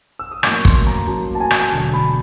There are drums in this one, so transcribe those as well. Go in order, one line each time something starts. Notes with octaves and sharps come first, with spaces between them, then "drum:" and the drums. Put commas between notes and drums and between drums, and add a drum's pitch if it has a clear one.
E6
D#6
A2 F#3 A#3 C#4 D6, drum: rim click
C#6
C6, drum: kick
A#5
A2 F#3 A#3 C#4 A5
A5
G#5
drum: rim click
G#5
E1 D2 D3 F#3 A5
B5